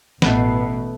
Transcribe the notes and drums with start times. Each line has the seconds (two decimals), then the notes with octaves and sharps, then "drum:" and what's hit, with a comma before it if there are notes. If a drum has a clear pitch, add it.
0.22 A1 B2 A3 B3, drum: snare